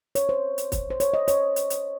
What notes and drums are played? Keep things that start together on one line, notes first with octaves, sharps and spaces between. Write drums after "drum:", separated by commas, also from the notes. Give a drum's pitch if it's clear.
C#5, drum: hi-hat
C5
drum: hi-hat
drum: kick, hi-hat
C5
C#5, drum: hi-hat
D#5
C#5, drum: hi-hat
drum: hi-hat
drum: hi-hat